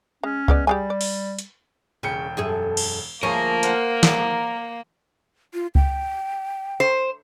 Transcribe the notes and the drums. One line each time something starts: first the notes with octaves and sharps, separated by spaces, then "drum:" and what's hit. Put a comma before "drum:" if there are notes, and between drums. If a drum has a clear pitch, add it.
G#3 C#4
G#3 B3 D5, drum: kick C#2
G3 G4 G#4 G#5
D5
drum: open hi-hat
drum: hi-hat
E1 C#3 G5 C#7
F#2 G#4 A4
drum: cymbal
D2 F3 A#3 G#4 A#4 C#5 D#7
C5 F5 F#5, drum: hi-hat
D5, drum: snare
F4
G5, drum: kick C#2
C5